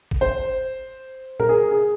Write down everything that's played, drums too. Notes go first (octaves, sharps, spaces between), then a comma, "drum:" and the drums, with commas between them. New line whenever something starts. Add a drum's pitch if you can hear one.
drum: kick
C5
A#4, drum: tom A#2
G#4
G#4